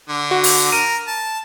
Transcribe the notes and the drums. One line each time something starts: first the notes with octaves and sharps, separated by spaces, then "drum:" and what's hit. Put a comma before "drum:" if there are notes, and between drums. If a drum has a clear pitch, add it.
D3
F#4
drum: open hi-hat
A#4 D#7
A5